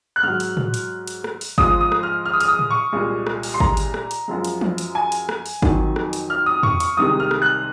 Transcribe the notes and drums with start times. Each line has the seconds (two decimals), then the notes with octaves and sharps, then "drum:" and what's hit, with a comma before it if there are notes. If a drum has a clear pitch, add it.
0.16 F#6
0.23 G#2 F#3 F6
0.40 drum: hi-hat
0.57 drum: tom A2
0.74 drum: hi-hat
1.07 drum: hi-hat
1.24 drum: rim click
1.41 drum: open hi-hat
1.58 G#2 F3 G#3 D#6, drum: kick
1.81 D#6
1.92 drum: rim click
2.03 F6
2.25 F6
2.33 D#6
2.41 F6, drum: hi-hat
2.48 D#6
2.59 drum: tom A2
2.70 C#6
2.92 C2 A#2 G#3
3.27 drum: rim click
3.43 drum: open hi-hat
3.54 C6
3.60 A#5, drum: kick
3.77 drum: hi-hat
3.94 drum: rim click
4.11 drum: hi-hat
4.28 F#2 F3 G#3
4.44 drum: hi-hat
4.61 drum: tom E3
4.78 drum: hi-hat
4.95 G#5
5.12 drum: hi-hat
5.29 drum: rim click
5.46 drum: open hi-hat
5.62 F2 D#3 F#3, drum: kick
5.96 drum: rim click
6.13 drum: hi-hat
6.30 F6
6.46 D#6
6.63 C#6, drum: tom E2
6.80 C#6, drum: hi-hat
6.97 C2 C3 D#3 G#3 D#6
7.20 F6
7.31 drum: rim click
7.42 F#6